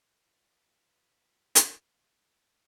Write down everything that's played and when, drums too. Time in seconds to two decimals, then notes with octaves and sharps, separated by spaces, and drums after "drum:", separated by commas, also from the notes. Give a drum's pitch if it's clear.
0.20 F4 B4
1.55 drum: hi-hat